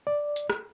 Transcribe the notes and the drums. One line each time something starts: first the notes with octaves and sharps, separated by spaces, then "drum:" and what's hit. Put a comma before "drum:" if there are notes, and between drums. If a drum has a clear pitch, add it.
D5
drum: hi-hat
drum: rim click